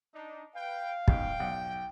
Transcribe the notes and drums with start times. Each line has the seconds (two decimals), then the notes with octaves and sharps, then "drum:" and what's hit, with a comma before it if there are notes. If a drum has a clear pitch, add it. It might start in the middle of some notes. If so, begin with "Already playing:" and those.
0.14 D4 D#4
0.55 B4 F5 G5
1.08 G#2 B2 G5, drum: kick
1.40 B1 F#5